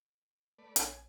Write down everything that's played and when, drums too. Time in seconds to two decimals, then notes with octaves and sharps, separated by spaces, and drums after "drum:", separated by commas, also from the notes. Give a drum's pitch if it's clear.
0.59 A3 B4 D5
0.76 A#1 C#5 G#5, drum: hi-hat